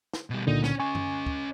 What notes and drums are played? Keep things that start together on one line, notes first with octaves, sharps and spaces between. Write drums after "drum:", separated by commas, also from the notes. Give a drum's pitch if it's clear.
drum: snare
B2 G3
C#2 A#2 D3 D#4
C#4, drum: snare
C#4 D#5 G#5 C#6
drum: tom F#2
drum: kick